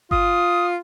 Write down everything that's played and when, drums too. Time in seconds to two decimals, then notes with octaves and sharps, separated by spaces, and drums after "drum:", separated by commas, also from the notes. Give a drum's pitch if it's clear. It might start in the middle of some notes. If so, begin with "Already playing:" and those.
0.11 F4 D#6, drum: kick G1